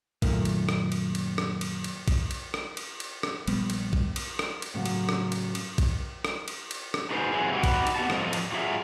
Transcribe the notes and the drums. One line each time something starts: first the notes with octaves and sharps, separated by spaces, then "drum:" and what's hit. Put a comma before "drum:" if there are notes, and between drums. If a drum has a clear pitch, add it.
F#2 A#2 D#3 A3 A#3, drum: kick A#1, cymbal
drum: cymbal
drum: rim click
drum: cymbal
drum: cymbal
drum: rim click
drum: cymbal
drum: cymbal
drum: kick A#1, cymbal
drum: cymbal
drum: rim click
drum: cymbal
drum: cymbal
drum: rim click
A#1 G3 B3, drum: cymbal
drum: cymbal
drum: kick A#1
drum: cymbal
drum: rim click
drum: cymbal
A2 C#3 F#3
drum: cymbal
drum: rim click
drum: cymbal
drum: cymbal
drum: kick A#1, cymbal
drum: rim click
drum: cymbal
drum: cymbal
drum: rim click
D#4 F#4 G#4 B4 C5
C3 E3 F#3 C4 G#4
D#4 F#4 G4 B4
drum: kick A#1, cymbal
drum: cymbal
B3 G4 F#5 A5
A2 F3 C5 D#5, drum: rim click
drum: cymbal
F#3 F4 G#4 E5